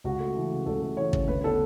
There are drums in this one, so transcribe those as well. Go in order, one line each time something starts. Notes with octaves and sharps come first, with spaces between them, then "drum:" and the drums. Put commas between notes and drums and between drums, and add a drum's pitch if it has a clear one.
C#2 F#4
A3
E3
C#3
C#2 A4
A3
E3 C#5
C#3, drum: kick
D2 B4
B3 A4